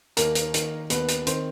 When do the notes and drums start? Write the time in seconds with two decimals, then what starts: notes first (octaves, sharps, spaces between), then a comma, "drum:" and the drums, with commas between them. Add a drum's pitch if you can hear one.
0.17 D#2 A#3 A#4, drum: hi-hat
0.35 drum: hi-hat
0.54 D#3, drum: hi-hat
0.90 D#2 B3 B4, drum: hi-hat
1.08 drum: hi-hat
1.27 D#3 C4 C5, drum: hi-hat